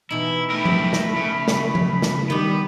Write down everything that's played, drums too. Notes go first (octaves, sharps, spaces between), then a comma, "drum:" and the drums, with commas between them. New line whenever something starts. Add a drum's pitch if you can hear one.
B2 E3 D#4 E4
G3 A3 A#4 B5
drum: tom F3
drum: snare
C#3
drum: snare
drum: tom F3
drum: snare
D#3 G3 B3 G4